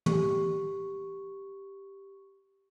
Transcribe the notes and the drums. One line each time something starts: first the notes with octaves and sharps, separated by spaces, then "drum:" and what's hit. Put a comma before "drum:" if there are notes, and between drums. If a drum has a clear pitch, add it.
G4 C#6, drum: tom